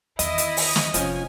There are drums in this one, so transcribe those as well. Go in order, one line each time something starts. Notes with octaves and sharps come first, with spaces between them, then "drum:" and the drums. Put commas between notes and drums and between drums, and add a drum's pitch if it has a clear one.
E2 D#3 E4 D#5, drum: hi-hat
drum: hi-hat
drum: open hi-hat
drum: snare
F1 F3 C#4 F4 G#5, drum: hi-hat